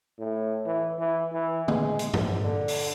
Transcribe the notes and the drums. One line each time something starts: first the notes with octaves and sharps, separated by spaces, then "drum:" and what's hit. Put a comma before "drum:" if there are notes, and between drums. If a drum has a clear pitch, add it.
A2
E3
E3
E3
G#3, drum: tom
drum: hi-hat
A#1, drum: tom G2
D3
drum: open hi-hat